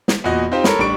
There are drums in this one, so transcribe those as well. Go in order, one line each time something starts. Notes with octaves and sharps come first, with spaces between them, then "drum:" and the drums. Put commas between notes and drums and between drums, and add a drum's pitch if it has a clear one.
drum: snare
E2 A#2 F#4 D#5
C4 D#4 F4 G4 C5
A4 A#4 C#5 B5, drum: snare
A1 G3 D4 C#6 D7